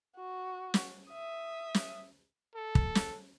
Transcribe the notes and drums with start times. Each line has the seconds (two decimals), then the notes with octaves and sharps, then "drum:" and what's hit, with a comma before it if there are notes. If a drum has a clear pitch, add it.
0.16 F#4
0.74 drum: snare
1.09 E5 D#6
1.74 drum: snare
2.55 A4
2.75 drum: kick
2.95 drum: snare